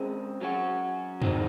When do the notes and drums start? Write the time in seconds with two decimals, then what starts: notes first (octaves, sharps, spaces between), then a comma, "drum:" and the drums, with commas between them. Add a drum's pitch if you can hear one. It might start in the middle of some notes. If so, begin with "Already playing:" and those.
Already playing: C#3 G#3 C4
0.41 F#3 C#4 F#4
1.22 D#3 F#3 C4, drum: tom F2